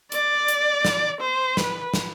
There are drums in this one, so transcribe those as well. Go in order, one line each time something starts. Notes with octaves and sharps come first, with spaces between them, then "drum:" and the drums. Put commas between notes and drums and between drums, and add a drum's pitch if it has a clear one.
D5, drum: hi-hat
drum: hi-hat
drum: snare
C5
B4, drum: snare
drum: snare